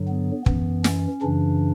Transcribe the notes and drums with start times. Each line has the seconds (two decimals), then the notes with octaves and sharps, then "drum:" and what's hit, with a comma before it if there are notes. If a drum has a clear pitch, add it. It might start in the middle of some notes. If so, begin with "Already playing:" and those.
Already playing: G2 D3 F#3
0.08 B3
0.46 F#2 E3 B3, drum: kick
0.84 C#4, drum: snare
1.22 F#2 C#3 E3 D4